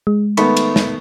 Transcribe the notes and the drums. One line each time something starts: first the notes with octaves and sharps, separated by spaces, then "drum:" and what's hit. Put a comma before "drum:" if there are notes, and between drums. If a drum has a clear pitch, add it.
G#3
D#3 A3 B3 B5 C#6, drum: cymbal
drum: cymbal
drum: snare